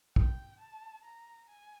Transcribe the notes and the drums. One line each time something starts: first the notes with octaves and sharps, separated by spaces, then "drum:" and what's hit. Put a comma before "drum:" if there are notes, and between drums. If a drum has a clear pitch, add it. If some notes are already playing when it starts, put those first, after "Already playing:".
G5, drum: kick
A5
A#5
G#5